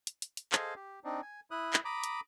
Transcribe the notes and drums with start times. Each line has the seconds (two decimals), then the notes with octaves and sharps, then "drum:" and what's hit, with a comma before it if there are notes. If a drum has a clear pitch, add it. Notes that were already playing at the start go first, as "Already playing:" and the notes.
0.07 drum: hi-hat
0.22 drum: hi-hat
0.37 drum: hi-hat
0.52 G#4 A4 C5 D#5 F5, drum: clap
0.76 G4
1.04 C4 D4 D#4
1.22 G#5
1.51 E4 D#6 F#6
1.73 drum: clap
1.85 A#5 B5 D6 D#6
2.04 drum: hi-hat